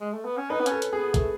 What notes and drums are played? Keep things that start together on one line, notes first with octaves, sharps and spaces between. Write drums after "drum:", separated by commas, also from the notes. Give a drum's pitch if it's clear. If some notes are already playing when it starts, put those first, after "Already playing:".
G#3
A3
B3
C#4
D#4 B4
B3
C#4, drum: hi-hat
A4
drum: hi-hat
B3 G#4
A3, drum: kick, hi-hat